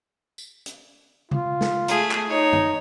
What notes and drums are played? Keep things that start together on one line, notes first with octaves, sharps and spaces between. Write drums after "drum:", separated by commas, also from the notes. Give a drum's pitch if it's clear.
drum: tambourine
drum: hi-hat
F4, drum: tom C#3
drum: snare
A3 G#4, drum: hi-hat
drum: clap
D#4 C#5
drum: tom G2